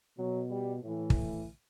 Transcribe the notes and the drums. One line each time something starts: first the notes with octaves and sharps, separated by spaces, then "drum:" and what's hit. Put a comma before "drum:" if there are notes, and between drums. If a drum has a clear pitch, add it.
B2 F#3
G3
A2 E3
drum: kick